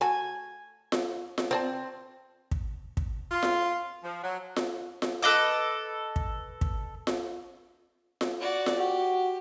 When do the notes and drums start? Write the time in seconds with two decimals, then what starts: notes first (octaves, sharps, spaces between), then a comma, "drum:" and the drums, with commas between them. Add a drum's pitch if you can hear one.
0.01 A3 F#4 A4 G#5
0.92 drum: snare F4
1.38 drum: snare F4
1.51 C4 C5 D5 A5
2.51 drum: kick
2.97 drum: kick
3.31 F4
3.43 drum: snare F4
4.04 F3
4.22 F#3
4.56 drum: snare F4
5.02 drum: snare F4
5.23 A4 B4 D#5 D6
6.16 drum: kick
6.61 drum: kick
7.07 drum: snare F4
8.21 drum: snare F4
8.40 F#4 D5
8.66 drum: snare F4
8.78 F#4 G4